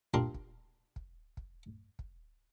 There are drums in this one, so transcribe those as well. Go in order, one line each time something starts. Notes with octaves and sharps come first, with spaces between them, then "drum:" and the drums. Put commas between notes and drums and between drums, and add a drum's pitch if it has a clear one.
A#2 D4 G4 A#4 C6
drum: kick
drum: kick
drum: kick
drum: kick